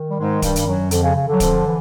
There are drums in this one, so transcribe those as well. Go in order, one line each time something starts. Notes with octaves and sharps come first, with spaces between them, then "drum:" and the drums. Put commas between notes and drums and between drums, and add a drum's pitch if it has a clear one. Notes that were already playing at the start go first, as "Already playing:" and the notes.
Already playing: D#3
G3
G#2 G#3
G2 G3, drum: kick, hi-hat
G3, drum: hi-hat
F#2 F#3
F2 D3 F3, drum: hi-hat
C#3
C#3
D3 F#3
F2 F3, drum: kick, hi-hat
E3